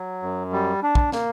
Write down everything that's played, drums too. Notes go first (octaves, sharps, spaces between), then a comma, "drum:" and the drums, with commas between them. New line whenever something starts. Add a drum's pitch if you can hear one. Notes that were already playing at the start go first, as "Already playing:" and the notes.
Already playing: F#3
F#2
G3
D4
drum: kick
A#3, drum: snare